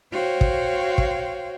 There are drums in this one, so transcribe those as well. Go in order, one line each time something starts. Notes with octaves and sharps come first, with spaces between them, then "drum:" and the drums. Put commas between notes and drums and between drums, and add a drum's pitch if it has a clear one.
F#4 C5 C#5 F5 G5
drum: kick
drum: kick